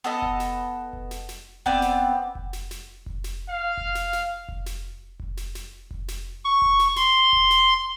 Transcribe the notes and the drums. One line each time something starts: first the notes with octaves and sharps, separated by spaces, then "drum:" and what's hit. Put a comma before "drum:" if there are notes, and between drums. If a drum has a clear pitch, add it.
B3 A4 D#5
drum: kick F1
drum: snare
drum: kick F1
drum: snare
drum: snare
B3 C4 D5, drum: kick F1
drum: snare
drum: kick F1
drum: snare
drum: snare
drum: kick F1
drum: snare
F5
drum: kick F1
drum: snare
drum: snare
drum: kick F1
drum: snare
drum: kick F1
drum: snare
drum: snare
drum: kick F1
drum: snare
C#6
drum: kick F1
drum: snare
C6, drum: snare
drum: kick F1
drum: snare